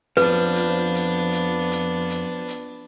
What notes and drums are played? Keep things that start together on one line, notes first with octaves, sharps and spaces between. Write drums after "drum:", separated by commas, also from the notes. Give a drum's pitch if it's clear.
F2 F3 B3 D4 B4, drum: hi-hat
drum: hi-hat
drum: hi-hat
drum: hi-hat
drum: hi-hat
drum: hi-hat
drum: hi-hat